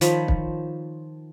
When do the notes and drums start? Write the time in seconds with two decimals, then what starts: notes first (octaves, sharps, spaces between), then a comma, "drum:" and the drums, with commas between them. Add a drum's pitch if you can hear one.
0.01 D#3 F3 C#5 B5, drum: hi-hat
0.28 drum: kick